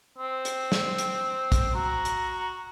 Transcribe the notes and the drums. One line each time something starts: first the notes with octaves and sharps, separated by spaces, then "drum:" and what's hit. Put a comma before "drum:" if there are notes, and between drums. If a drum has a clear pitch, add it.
C4
drum: hi-hat
drum: snare
drum: hi-hat
drum: kick, hi-hat
F#4 A#5
drum: hi-hat